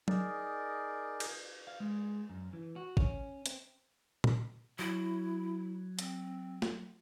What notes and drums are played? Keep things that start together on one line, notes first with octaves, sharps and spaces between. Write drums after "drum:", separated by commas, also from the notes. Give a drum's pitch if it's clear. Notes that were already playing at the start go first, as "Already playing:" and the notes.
D#4 G#4 A#4 D5, drum: tom F#3
drum: cymbal
F5
G#3
F#2
E3
F#4
C#4, drum: kick
C4, drum: hi-hat
drum: tom A#2
F#3 E4
C4, drum: hi-hat
drum: snare